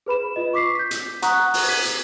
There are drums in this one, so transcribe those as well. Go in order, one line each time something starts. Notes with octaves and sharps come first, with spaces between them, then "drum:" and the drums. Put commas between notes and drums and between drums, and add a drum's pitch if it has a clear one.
G#4 B4 B5 E7
F4 D#5
C#6 D6 B6 C7
G6 B6
drum: hi-hat
F#5 A#5 C#6 D#6 F#6, drum: hi-hat
drum: open hi-hat
G#6 B6 D#7
drum: hi-hat